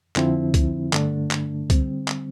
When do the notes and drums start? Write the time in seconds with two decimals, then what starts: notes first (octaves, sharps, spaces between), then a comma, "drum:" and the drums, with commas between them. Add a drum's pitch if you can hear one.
0.16 F2 D3 F3 C4 E4, drum: clap
0.54 drum: kick, hi-hat
0.93 G2 D3 A3 D4, drum: clap
1.31 drum: clap
1.70 D3 G3 C4, drum: kick, hi-hat
2.08 drum: clap